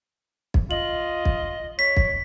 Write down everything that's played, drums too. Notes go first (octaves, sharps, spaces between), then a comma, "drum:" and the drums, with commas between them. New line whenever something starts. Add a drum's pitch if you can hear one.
drum: kick
F4 D#5 F#7
drum: kick
C#5 B6
drum: kick